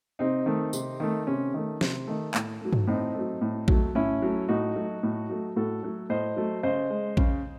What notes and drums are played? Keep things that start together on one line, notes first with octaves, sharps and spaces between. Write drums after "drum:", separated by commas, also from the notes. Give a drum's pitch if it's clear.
C3 C4 D#4
D#3 A3
C3, drum: tambourine
D#3 A3
C3 C#4
D#3 A3
C3, drum: snare
D#3 A3
A2, drum: clap
F#3 A3
drum: tom G2
A2 C4 D#4
F#3 A3
A2
F#3 A3, drum: kick A#1
A2 C#4 E4
F#3 A3
A2 D#4 F#4
F#3 A3
A2
F#3 A3
A2 F#4 A4
F#3 A3
A2 C5 D#5
F#3 A3
C#3 C5 D#5
G#3
C#3, drum: kick A#1